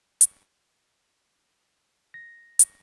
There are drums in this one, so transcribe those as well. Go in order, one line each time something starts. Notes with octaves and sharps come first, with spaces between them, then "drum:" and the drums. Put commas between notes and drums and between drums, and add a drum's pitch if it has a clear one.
drum: hi-hat
A#6
drum: hi-hat